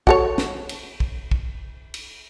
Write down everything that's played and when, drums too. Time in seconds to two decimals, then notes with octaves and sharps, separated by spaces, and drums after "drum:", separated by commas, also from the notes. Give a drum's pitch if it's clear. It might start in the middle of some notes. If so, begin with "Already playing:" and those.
0.07 F#4 A4 C#5, drum: kick
0.38 drum: snare
0.69 drum: cymbal
1.00 drum: kick
1.31 drum: kick
1.94 drum: cymbal